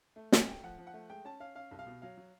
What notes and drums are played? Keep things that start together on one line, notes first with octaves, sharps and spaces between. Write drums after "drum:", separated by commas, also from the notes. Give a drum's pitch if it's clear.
A3
A3 G#5, drum: snare
A3 G5
F3 F#5
F3
F#5
A3
G#3 G5
C#4 A5
C#4 F5
C#4 F5
C2
F5
B2
F#3 F5
F#3